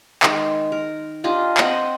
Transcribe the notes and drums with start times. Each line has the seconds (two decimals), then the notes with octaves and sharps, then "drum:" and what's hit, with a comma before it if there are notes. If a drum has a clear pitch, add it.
0.23 D#3 G#3, drum: clap
0.72 A#4
1.24 D4 F4 G4 D#5
1.57 C4 D#5 F#5 G5, drum: clap